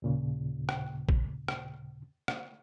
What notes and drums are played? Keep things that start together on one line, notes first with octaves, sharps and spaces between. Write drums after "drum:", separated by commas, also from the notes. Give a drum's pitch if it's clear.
D#2 A#2 C#3
drum: rim click
drum: kick A#1
drum: rim click
drum: rim click